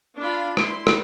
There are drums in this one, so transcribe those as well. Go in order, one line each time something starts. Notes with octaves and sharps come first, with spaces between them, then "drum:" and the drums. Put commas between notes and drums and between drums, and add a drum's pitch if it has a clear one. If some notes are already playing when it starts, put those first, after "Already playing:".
D4 F4 B5
E4 C6, drum: rim click
drum: rim click